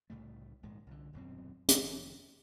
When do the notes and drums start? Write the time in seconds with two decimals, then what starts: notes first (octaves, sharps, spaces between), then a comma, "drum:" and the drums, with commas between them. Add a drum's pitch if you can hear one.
0.10 C2 A2 C#3 A3
0.63 A#1 G#2 D#3
0.87 C2 D3
1.13 D#1 F#2 B2 C4
1.68 F1 D#3, drum: hi-hat